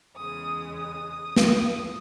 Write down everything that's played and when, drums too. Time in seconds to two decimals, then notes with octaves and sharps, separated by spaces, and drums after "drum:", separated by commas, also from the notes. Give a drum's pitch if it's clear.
0.16 E2 C#3 G#3 D#6
0.81 D#6
1.36 drum: snare